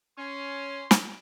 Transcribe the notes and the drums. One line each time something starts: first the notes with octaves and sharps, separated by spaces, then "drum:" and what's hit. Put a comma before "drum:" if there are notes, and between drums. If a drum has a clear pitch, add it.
C#4 C6
drum: snare